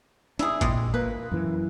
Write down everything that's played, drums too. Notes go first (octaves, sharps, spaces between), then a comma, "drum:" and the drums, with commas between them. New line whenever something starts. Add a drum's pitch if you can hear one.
D4 E4 G#4, drum: hi-hat
A#2 G3 G#3, drum: kick, hi-hat
A#3 B4
F#2 E3